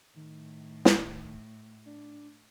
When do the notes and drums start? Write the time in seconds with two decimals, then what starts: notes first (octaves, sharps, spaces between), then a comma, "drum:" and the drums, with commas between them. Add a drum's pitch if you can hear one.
0.16 A2 D#3
0.85 drum: snare
1.86 D4